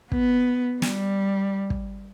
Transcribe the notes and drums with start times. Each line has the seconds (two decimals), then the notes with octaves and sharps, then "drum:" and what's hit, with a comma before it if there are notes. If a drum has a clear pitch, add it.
0.12 B3, drum: kick
0.82 G3, drum: snare
1.70 drum: kick